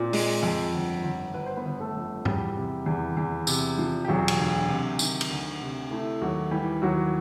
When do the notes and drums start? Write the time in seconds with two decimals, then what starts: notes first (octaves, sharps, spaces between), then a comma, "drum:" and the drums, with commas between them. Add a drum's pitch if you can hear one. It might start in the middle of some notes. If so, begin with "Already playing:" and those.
Already playing: A#2 C4
0.13 G#3, drum: open hi-hat
0.43 F2
0.74 G1
1.04 G1
1.34 G1 B4
1.46 C5
1.57 B3 B4
1.66 G1
1.80 A3 A4
1.96 F2
2.25 E2 G3 G4, drum: tom
2.57 C3
2.86 E2
3.17 E2
3.47 C3, drum: tambourine
3.78 F3
4.05 G4
4.08 E1 F#3 F#4
4.28 drum: cymbal
4.39 D2
4.69 C3
4.99 D#3, drum: tambourine
5.21 drum: cymbal
5.30 D2
5.61 C3
5.91 A3 E4
6.21 D#2 F#3 F#4
6.51 E3 G3 G4
6.82 D#2 F#3 F#4